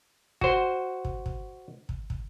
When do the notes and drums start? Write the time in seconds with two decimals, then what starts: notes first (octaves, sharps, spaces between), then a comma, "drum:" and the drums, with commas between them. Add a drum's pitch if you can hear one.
0.41 F#4 C5, drum: kick
1.05 drum: kick
1.26 drum: kick
1.89 drum: kick
2.10 drum: kick